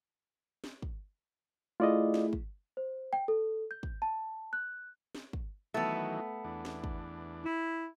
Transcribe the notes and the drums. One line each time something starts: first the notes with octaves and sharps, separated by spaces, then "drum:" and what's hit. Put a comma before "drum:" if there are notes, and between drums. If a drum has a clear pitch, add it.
drum: snare
drum: kick
A3 E4 F4 G#4 D5 D#5
drum: snare
drum: kick
C5
G5
A4
G6
drum: kick
A5
F#6
drum: snare
drum: kick
D#3 E3 F#3 A3 B3
E2 D4
drum: snare
drum: kick
E4